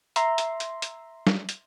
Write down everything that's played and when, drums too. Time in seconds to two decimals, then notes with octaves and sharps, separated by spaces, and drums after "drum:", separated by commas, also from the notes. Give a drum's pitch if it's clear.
0.16 E5 A#5 C6, drum: hi-hat
0.38 drum: hi-hat
0.60 drum: hi-hat
0.82 drum: hi-hat
1.27 drum: snare
1.49 drum: hi-hat